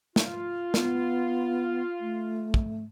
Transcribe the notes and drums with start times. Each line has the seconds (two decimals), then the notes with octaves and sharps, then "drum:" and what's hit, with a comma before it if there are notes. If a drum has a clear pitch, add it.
0.16 F4, drum: snare
0.74 B3, drum: snare
2.00 A3
2.54 drum: kick